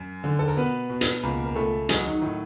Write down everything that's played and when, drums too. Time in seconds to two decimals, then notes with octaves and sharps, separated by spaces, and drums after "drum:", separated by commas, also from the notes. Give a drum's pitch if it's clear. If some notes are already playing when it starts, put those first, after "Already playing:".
Already playing: F#2
0.24 D3
0.39 A4
0.48 A#4
0.57 B2 B3 B4
0.90 B2
1.01 drum: hi-hat
1.23 C#2 A#3 A#4
1.45 A#4
1.55 C#2 A3 A4
1.89 F#3 G#3 G#4, drum: hi-hat
2.05 D#3 D#4
2.21 A2 D#3 D#4